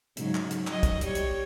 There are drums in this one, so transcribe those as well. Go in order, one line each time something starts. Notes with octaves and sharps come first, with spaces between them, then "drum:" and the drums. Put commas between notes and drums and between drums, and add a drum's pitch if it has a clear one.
G#2 C#3 F#3, drum: hi-hat
drum: clap
drum: hi-hat
F#3 D#5, drum: clap
drum: kick, hi-hat
G3 C#5, drum: hi-hat
drum: hi-hat